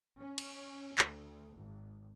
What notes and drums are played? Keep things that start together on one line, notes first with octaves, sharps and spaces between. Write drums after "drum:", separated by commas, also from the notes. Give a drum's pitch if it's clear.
C#4
drum: cymbal
D2, drum: clap
G#1